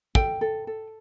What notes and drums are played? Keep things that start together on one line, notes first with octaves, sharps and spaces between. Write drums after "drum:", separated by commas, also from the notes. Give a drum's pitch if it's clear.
A4 G5, drum: kick
A4
A4